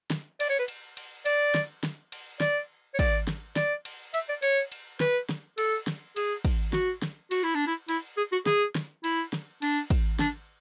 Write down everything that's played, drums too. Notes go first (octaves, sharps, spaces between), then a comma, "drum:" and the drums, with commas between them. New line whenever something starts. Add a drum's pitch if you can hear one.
drum: snare
D5, drum: cymbal
C#5
B4
drum: cymbal
drum: cymbal
D5, drum: cymbal
drum: snare
drum: snare
drum: cymbal
D5, drum: snare
C#5
D5, drum: kick, cymbal
drum: snare
D5, drum: snare
drum: cymbal
E5, drum: cymbal
D5
C#5, drum: cymbal
drum: cymbal
B4, drum: snare
drum: snare
A4, drum: cymbal
drum: snare
G#4, drum: cymbal
drum: kick, cymbal
F#4, drum: snare
drum: snare
F#4, drum: cymbal
E4
D4
E4
E4, drum: cymbal
G#4
F#4
G#4, drum: snare
drum: snare
E4, drum: cymbal
drum: snare
D4, drum: cymbal
drum: kick, cymbal
D4, drum: snare